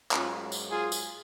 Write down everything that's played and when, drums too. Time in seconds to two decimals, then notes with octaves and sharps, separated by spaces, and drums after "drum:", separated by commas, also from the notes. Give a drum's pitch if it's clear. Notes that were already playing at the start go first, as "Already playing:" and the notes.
0.11 G#2 F#3 A#3 C#4 F4, drum: clap
0.52 drum: tambourine
0.71 F4 G#4
0.92 drum: tambourine